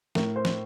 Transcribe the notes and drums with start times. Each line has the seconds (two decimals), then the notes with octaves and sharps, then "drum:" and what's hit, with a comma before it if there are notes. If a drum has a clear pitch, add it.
0.15 A2 A#4, drum: snare
0.36 C5
0.45 drum: snare